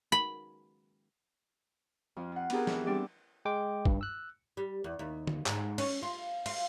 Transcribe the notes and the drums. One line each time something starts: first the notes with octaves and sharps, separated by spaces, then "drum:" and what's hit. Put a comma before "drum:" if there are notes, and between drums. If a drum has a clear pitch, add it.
B5
F2 F3
F4 F#5
B3 D4 G4 G#4 A#4, drum: cymbal
E3, drum: snare
G3 C4 D4 G4 D5 E6
G#3 G5 D6
G2, drum: kick
E6 F#6
G3
E2
D#2
drum: tom D3
G#2, drum: clap
C#4, drum: cymbal
F4
F4, drum: cymbal